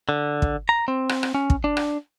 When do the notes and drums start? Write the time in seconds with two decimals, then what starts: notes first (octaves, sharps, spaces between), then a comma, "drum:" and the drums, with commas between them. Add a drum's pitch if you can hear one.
0.09 D3
0.42 drum: kick
0.69 A#5
0.88 C4
1.09 drum: rim click
1.23 drum: rim click
1.35 C#4
1.50 drum: kick
1.64 D4
1.77 drum: rim click